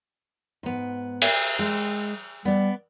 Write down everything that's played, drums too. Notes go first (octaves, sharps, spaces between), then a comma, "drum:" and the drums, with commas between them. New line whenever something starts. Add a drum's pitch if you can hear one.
G#2 B3
drum: cymbal
G#3
G3 B3 D5